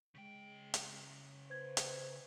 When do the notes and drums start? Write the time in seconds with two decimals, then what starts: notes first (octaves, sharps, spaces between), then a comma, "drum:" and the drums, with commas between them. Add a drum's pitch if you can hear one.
0.15 C#3 G#3 G5
0.74 drum: hi-hat
1.51 B4 C5 G#6
1.77 drum: hi-hat